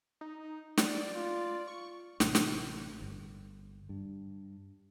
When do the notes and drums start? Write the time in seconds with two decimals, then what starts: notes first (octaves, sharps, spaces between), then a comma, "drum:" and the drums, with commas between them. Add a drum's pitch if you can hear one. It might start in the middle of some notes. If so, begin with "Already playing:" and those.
0.21 D#4
0.78 D5, drum: snare
1.15 F4
1.67 C#6
2.20 A1 C3, drum: snare
2.35 drum: snare
3.00 G1
3.89 G2